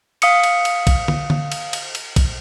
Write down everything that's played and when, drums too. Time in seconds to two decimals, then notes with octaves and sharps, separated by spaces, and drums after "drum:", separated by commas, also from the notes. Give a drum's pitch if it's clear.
0.22 F5 D#6 C#7, drum: cymbal
0.43 drum: cymbal
0.65 drum: cymbal
0.87 drum: kick, cymbal
1.08 drum: tom
1.30 drum: tom D3
1.52 drum: cymbal
1.73 drum: cymbal
1.95 drum: cymbal
2.16 drum: kick, cymbal